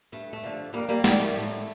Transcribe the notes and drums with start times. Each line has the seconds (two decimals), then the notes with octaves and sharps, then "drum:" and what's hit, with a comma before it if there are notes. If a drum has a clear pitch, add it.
0.12 G2 A3
0.33 A3
0.43 D3 F3
0.73 F2 G3 A#3
0.89 G3 A#3
1.04 D#3 G3, drum: snare
1.20 A3
1.34 A2